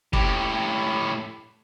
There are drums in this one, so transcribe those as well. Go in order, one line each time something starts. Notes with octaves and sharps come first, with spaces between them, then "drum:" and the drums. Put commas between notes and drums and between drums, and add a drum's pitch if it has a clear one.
A2 G4, drum: kick